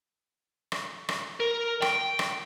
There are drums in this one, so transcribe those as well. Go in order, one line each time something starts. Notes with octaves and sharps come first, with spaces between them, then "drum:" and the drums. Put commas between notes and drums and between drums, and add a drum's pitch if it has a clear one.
drum: rim click
drum: rim click
A#4
G5, drum: rim click
drum: rim click